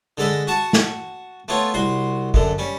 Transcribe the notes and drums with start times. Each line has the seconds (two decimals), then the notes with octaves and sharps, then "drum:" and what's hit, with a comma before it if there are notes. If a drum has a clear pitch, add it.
0.18 D3 G#3 A4 D#5 B5
0.47 F#4 F#5 A5 C#6
0.73 drum: snare
1.48 A3 B3 F4 C#5
1.74 C2 F#4 C6
2.34 F#2 D3, drum: kick
2.58 G3 C#4